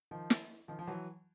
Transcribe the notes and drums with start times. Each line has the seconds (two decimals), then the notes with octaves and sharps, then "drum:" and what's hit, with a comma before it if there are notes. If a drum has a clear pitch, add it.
0.11 D#3 F3
0.30 drum: snare
0.68 D#3 F3
0.79 F3
0.87 E3 F#3